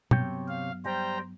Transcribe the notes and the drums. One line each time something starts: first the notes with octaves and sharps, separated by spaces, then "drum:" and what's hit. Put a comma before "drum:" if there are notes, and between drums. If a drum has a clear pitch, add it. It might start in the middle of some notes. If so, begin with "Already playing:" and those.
G2 C3 F#3 B3 C#5 G5, drum: tom
F5
G3 C5 G5 A#5